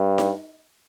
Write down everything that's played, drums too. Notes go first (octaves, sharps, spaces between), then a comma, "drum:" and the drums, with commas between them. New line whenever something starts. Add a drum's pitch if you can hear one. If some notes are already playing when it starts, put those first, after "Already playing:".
Already playing: G2
drum: snare D#4